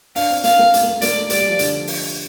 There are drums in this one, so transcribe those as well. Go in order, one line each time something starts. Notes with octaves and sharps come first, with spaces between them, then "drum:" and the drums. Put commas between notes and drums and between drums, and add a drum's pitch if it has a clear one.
D4 F5, drum: open hi-hat
C4
A#3 F5, drum: hi-hat
A#3
A3, drum: hi-hat
A#3
A3
A#3 D5, drum: hi-hat
A3
G3 D5, drum: hi-hat
G3
F3
D3, drum: hi-hat
drum: open hi-hat